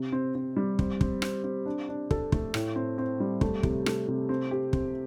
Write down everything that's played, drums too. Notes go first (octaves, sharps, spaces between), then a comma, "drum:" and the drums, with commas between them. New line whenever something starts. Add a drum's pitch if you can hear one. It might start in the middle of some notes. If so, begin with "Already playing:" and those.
Already playing: C3
C4
C4
G3
C4, drum: kick
C4, drum: kick
C4, drum: rim click
C4
D4
D4
A4, drum: kick
A3, drum: kick
A2, drum: rim click
C4
C4
G3
A3, drum: kick
C3, drum: kick
A3, drum: rim click
C3
C4
G4
C4, drum: kick